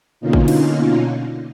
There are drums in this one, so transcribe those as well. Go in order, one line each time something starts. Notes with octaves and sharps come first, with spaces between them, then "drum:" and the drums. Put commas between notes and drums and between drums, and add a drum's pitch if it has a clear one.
B2 D3 A#3 C#4 D#4 F4
drum: kick A1
drum: cymbal